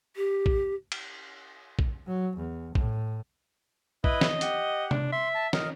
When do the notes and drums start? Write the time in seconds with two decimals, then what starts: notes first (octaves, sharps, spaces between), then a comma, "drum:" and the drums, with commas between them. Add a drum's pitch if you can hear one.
0.16 G4
0.46 drum: kick A#1
0.92 drum: cymbal
1.79 drum: kick A#1
2.07 F#3
2.37 E2
2.75 A2, drum: kick A#1
4.04 E4 B4 D#5 B5, drum: kick A#1
4.21 drum: snare
4.41 G4 F#5, drum: hi-hat
4.91 D4, drum: tom C3
5.12 E5 C6
5.35 A5
5.53 A#4 D#5, drum: snare